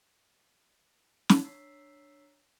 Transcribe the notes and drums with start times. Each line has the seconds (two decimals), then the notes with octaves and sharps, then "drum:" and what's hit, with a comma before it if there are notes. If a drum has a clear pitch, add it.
1.29 drum: snare
1.43 D4 C#5 A#5 E6 B6 C7